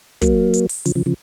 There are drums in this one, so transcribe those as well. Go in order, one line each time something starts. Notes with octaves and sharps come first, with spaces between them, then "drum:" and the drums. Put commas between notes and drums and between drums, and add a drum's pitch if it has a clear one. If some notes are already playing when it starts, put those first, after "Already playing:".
F#3 A#3, drum: kick, hi-hat
drum: hi-hat
drum: open hi-hat
C#3 F3, drum: hi-hat
C#3 F3
C#3 F3